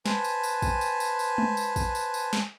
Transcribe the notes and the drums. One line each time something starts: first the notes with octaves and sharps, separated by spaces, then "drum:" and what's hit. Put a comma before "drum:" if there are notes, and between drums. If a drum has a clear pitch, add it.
B4 C5 G#5 A5, drum: snare
drum: tambourine
drum: tambourine
drum: kick, tambourine
drum: tambourine
drum: tambourine
drum: tambourine
drum: tom G#3
drum: tambourine
drum: kick, tambourine
drum: tambourine
drum: tambourine
drum: snare